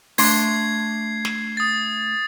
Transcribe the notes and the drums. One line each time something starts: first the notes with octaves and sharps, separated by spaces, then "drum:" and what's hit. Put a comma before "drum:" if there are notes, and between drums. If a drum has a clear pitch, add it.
A3 D4 C6 G#6 C7, drum: open hi-hat
drum: snare
D#6 A6